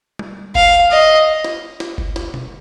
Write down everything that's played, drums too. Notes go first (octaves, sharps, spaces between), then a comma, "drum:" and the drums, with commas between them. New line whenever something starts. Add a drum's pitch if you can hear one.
drum: tom G3
F5, drum: kick F#1
D#5
drum: snare
drum: snare
drum: kick F#1
drum: snare
drum: tom B2